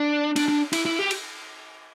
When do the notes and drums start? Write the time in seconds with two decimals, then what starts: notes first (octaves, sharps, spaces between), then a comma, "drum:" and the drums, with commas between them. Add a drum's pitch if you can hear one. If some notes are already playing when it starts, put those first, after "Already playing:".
Already playing: D4
0.36 D4, drum: cymbal
0.48 D4
0.73 E4, drum: cymbal
0.85 E4
0.99 G4
1.11 drum: cymbal